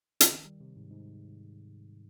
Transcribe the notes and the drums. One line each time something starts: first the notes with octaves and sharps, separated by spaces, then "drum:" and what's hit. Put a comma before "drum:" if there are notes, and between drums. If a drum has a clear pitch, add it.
C#3, drum: hi-hat
D#3
G3
C3
G#2
G#2